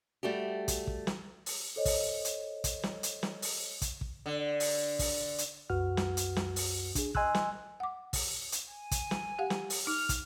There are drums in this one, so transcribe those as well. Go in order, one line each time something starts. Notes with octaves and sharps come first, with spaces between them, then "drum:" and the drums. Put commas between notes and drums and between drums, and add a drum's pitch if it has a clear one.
G3 A3 F#4 G4
drum: kick, hi-hat
drum: kick
drum: snare
drum: open hi-hat
A4 C5 C#5 D#5
drum: kick, open hi-hat
drum: hi-hat
drum: kick, hi-hat
drum: snare
drum: hi-hat
drum: snare
drum: open hi-hat
drum: kick, hi-hat
drum: kick
D3
drum: open hi-hat
drum: kick, open hi-hat
drum: hi-hat
C2 F#2 F#4 B4 F#5 F6
drum: snare
drum: hi-hat
drum: snare
drum: open hi-hat
D4 G#4, drum: kick, hi-hat
D#5 G#5 C6 E6 F#6, drum: kick
drum: snare
F#5 D6
drum: kick, open hi-hat
drum: hi-hat
G#5
drum: kick, hi-hat
drum: snare
G4 F5 F#5
drum: snare
drum: open hi-hat
D#4 F6
drum: kick, hi-hat